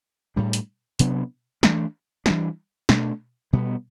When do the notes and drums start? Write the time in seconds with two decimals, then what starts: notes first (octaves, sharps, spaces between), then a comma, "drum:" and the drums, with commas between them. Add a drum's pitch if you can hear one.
0.36 A2 G3 D4
0.53 drum: hi-hat
0.99 C3 F#3 B3 D4, drum: hi-hat
1.63 E3 A3 D4, drum: snare
2.26 E3 G3 D4, drum: snare
2.89 B2 A3 D4, drum: snare
3.53 B2 G3 B3